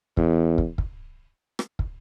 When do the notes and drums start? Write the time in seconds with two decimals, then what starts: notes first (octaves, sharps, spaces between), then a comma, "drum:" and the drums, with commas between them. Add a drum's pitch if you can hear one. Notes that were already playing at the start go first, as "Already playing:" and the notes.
0.17 E2, drum: kick
0.58 drum: kick
0.78 drum: kick
1.59 drum: rim click
1.79 drum: kick